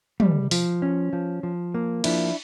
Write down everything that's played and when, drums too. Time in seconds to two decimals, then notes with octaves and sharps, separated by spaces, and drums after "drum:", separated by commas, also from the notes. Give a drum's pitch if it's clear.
0.20 G3, drum: tom
0.51 F3, drum: open hi-hat
0.82 C#4
1.13 F3
1.43 F3
1.74 A#3
2.04 F3 D4 E4, drum: cymbal